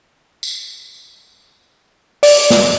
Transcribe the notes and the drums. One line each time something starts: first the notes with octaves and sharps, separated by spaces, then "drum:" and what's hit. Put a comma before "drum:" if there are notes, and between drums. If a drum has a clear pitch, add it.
drum: tambourine
D5, drum: open hi-hat
drum: snare